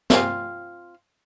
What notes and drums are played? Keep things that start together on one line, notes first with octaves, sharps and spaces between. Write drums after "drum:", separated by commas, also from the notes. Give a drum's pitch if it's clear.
C4 F4 F5 G#5, drum: snare